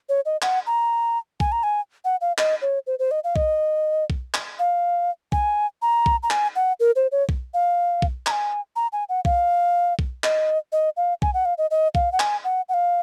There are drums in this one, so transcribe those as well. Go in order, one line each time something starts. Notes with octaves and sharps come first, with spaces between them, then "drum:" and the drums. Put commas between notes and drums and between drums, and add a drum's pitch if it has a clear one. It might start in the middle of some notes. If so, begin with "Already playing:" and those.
C#5
D#5
F#5, drum: clap
A#5
G#5, drum: kick B1
A#5
G#5
F#5
F5
D#5, drum: clap
C#5
C5
C5
D#5
F5
D#5, drum: kick B1
drum: kick B1
drum: clap
F5
G#5, drum: kick B1
A#5
drum: kick B1
A#5
G#5, drum: clap
F#5
A#4
C5
C#5
drum: kick B1
F5
drum: kick B1
A#5, drum: clap
G#5
A#5
G#5
F#5
F5, drum: kick B1
drum: kick B1
D#5, drum: clap
D#5
F5
G#5, drum: kick B1
F#5
F5
D#5
D#5
F5, drum: kick B1
F#5
G#5, drum: clap
F#5
F#5
F5